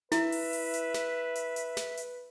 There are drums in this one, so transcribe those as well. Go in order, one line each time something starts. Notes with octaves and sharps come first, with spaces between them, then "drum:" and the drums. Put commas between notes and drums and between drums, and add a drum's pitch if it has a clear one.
E4 B4 E5, drum: snare
drum: open hi-hat
drum: open hi-hat
drum: hi-hat
drum: snare
drum: hi-hat
drum: hi-hat
drum: snare
drum: hi-hat